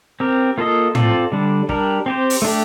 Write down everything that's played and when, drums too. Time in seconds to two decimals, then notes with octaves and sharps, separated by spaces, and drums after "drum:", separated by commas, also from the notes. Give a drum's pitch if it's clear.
0.20 C4 G4 A#4
0.58 A#3 F4 A4 D#5
0.95 C4 F4 A4 D5, drum: tom
1.32 D3 G3 D4
1.69 G3 D4 G4 A#4, drum: kick
2.06 C4 G4 C5
2.30 drum: open hi-hat
2.42 A3 D4 G4